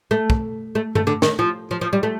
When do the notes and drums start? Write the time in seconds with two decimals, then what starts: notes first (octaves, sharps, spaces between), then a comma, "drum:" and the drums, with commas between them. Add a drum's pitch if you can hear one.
0.11 A3
0.30 drum: kick
0.75 A3
0.95 A3, drum: tom G2
1.07 D3
1.22 D#3, drum: snare
1.39 F3
1.71 F3
1.81 F3
1.93 G3
2.03 A3